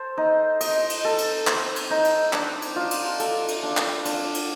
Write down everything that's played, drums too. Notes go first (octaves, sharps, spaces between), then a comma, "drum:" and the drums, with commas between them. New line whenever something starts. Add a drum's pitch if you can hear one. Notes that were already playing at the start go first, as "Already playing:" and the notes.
Already playing: A4 C5
D#4
D#5, drum: cymbal
drum: cymbal
A4
drum: cymbal
C5, drum: clap
drum: cymbal
D#4
drum: cymbal
D4, drum: clap
drum: cymbal
F4
drum: cymbal
A4, drum: cymbal
drum: cymbal
D4
drum: clap
D4, drum: cymbal
drum: cymbal